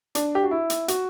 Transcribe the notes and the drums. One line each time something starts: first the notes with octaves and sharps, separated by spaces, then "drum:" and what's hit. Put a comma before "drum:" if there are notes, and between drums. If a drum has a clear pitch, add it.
D4, drum: hi-hat
G4
F#4
E4
drum: hi-hat
F#4, drum: hi-hat